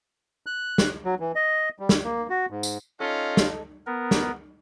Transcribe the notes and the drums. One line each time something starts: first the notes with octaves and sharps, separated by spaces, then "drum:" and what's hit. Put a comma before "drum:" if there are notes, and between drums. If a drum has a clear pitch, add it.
F#6
drum: snare
F#3
E3
D#5
G3
drum: snare
A#3
F#4
G#2
drum: tambourine
C#4 D#4 F4 A4
drum: snare
B3 A#4
drum: snare